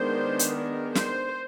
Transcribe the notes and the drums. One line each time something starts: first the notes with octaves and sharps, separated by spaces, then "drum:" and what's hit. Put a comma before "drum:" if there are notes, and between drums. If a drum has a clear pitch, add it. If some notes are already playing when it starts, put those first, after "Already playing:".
Already playing: D#3 G#3 B3 D4 C5
drum: hi-hat
A#4
C5, drum: snare